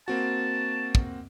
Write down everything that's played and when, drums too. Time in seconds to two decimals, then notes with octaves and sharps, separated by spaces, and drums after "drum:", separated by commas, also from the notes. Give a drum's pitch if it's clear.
0.08 A#3 C4 F#4 A5
0.95 drum: kick